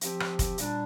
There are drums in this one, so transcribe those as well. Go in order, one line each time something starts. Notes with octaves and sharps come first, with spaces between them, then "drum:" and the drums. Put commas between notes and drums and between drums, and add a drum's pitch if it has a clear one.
F3 C4 G4, drum: hi-hat
drum: rim click
drum: kick F1, hi-hat
A#2 G3 D4, drum: hi-hat